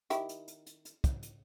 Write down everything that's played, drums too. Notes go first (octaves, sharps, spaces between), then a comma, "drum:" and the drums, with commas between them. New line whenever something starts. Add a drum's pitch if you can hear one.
D#3 E4 G4, drum: hi-hat
drum: hi-hat
drum: hi-hat
drum: hi-hat
drum: hi-hat
drum: kick, hi-hat
drum: hi-hat